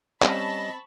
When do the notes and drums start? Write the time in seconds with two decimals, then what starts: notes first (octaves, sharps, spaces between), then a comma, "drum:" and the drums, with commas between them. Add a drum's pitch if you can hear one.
0.22 G3 C4 C#4 D#5 A5 B5 C#6, drum: clap